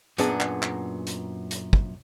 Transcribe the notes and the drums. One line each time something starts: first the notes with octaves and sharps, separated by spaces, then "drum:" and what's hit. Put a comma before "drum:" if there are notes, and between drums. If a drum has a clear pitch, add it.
F#2 A#2 B3 D4 G#4, drum: hi-hat
drum: clap
drum: clap
drum: hi-hat
drum: hi-hat
drum: kick